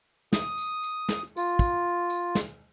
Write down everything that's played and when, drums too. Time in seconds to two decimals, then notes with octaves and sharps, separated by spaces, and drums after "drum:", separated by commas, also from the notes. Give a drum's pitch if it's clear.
0.33 D#6, drum: snare
0.58 drum: tambourine
0.83 drum: tambourine
1.09 drum: snare
1.37 F4, drum: tambourine
1.59 drum: kick, tambourine
2.10 drum: tambourine
2.35 drum: snare